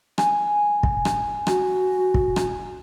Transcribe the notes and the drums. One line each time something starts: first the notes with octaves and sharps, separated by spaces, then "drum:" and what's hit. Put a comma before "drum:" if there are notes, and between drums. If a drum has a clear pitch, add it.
G#5, drum: rim click
drum: kick
drum: rim click
F#4, drum: rim click
drum: kick
drum: rim click